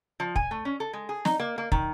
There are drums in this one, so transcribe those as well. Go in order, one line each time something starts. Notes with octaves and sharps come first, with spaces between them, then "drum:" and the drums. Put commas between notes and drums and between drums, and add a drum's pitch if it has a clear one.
F3
G#5, drum: kick
A3
C#4
A4
G#3
G#4
D#4, drum: snare
A#3
A#3
D#3, drum: kick